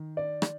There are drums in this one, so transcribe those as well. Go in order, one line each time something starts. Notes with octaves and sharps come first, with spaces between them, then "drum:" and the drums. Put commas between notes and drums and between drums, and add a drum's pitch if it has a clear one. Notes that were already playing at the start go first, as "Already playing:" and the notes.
Already playing: D#3
D5
drum: rim click